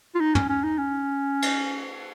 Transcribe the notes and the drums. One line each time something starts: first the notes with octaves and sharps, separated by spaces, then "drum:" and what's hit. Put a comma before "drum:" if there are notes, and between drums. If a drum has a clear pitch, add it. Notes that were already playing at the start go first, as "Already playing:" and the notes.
F4
D#4
C#4, drum: tom
C#4
D#4
C#4
drum: cymbal